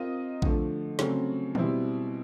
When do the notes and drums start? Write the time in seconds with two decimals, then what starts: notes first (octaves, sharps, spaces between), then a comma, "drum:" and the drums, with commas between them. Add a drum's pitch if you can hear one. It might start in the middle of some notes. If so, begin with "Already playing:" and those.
Already playing: C4 F4 A#4 D#5
0.42 D3 F3 A3, drum: kick A#1
0.99 C#3 F#3 A3 C4, drum: snare
1.55 B2 G3 C4 E4, drum: tom D#3